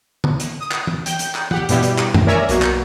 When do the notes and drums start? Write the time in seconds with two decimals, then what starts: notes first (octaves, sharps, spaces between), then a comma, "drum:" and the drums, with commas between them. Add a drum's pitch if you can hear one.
0.24 drum: tom
0.40 drum: hi-hat
0.60 D#6
0.72 drum: clap
0.87 drum: tom
1.06 G5 G6, drum: hi-hat
1.19 drum: hi-hat
1.35 drum: clap
1.51 G4 F#5, drum: tom
1.69 G2 B2 G3 B3 E4 G4, drum: hi-hat
1.83 drum: hi-hat
1.99 drum: clap
2.14 drum: tom F#2
2.27 A#4 C#5 D5 E5 G#5 A#5
2.49 B1 B2 A#3 F#4, drum: hi-hat
2.62 drum: clap